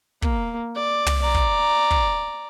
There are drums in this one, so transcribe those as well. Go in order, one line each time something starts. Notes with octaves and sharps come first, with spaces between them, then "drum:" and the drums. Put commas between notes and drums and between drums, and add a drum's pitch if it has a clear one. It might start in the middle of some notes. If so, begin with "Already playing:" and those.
A#3, drum: kick
D5
drum: tom
D5 A#5
drum: kick
drum: kick